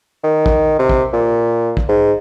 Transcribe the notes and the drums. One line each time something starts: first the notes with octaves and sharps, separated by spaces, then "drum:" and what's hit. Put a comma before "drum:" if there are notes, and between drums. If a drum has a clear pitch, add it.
D#3
drum: kick
C3
drum: kick
A#2
drum: kick
G#2